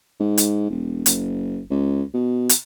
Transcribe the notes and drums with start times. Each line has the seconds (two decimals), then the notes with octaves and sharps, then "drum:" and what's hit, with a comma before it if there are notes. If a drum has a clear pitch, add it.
0.20 G#2
0.38 drum: hi-hat
0.70 E1
1.06 F#1, drum: hi-hat
1.70 C#2
2.14 B2
2.49 drum: hi-hat